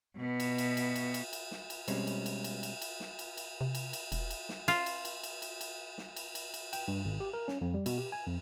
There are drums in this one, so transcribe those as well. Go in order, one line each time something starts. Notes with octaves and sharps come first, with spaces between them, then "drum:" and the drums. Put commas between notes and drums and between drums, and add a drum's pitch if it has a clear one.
B2 B3
drum: cymbal
drum: cymbal
drum: cymbal
drum: cymbal
drum: cymbal
drum: cymbal
drum: snare
drum: cymbal
B2 G3 G#3 C4 C#4, drum: cymbal
drum: cymbal
drum: cymbal
drum: cymbal
drum: cymbal
drum: cymbal
drum: snare
drum: cymbal
drum: cymbal
C3
drum: cymbal
drum: cymbal
E1, drum: cymbal
drum: cymbal
drum: snare
F4, drum: cymbal
drum: cymbal
drum: cymbal
drum: cymbal
drum: cymbal
drum: cymbal
drum: snare
drum: cymbal
drum: cymbal
drum: cymbal
G5, drum: cymbal
G2
G#1
G4
A#4
C#4, drum: snare
F2
G3
B2, drum: cymbal
G4
G#5
F2